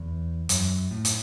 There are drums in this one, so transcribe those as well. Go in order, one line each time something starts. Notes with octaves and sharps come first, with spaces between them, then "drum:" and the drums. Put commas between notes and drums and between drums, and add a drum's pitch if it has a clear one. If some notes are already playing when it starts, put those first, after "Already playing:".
Already playing: E2
F#2, drum: hi-hat
A2
drum: hi-hat